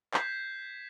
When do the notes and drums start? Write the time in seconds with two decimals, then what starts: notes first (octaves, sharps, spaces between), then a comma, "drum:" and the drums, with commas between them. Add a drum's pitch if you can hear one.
0.14 G6 G#6 B6 C7 E7, drum: clap